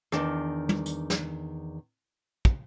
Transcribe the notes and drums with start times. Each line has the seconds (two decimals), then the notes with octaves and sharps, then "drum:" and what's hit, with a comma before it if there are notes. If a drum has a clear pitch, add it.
0.12 E2 D#3 D4, drum: rim click
0.69 drum: tom
0.86 drum: hi-hat
1.10 drum: snare
2.45 drum: kick